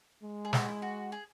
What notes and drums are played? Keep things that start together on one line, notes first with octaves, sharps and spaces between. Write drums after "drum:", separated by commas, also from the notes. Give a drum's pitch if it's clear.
G#3
G#4
F#4, drum: snare
E4
F#4
G#4